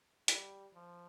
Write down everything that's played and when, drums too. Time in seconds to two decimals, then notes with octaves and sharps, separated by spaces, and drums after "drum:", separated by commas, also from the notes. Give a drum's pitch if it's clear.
0.28 G3, drum: hi-hat
0.73 F3